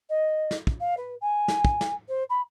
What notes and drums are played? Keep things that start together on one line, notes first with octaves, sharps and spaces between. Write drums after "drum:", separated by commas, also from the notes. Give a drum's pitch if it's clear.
D#5
drum: snare
drum: kick
F5
B4
G#5
drum: snare
drum: kick
drum: snare
C5
B5